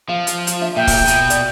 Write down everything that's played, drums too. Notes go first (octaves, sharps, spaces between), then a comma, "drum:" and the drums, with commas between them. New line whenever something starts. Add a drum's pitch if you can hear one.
F3 F5
drum: hi-hat
drum: hi-hat
D4 E5
A#2 E5 G5
drum: kick, open hi-hat
B2, drum: hi-hat
D5, drum: hi-hat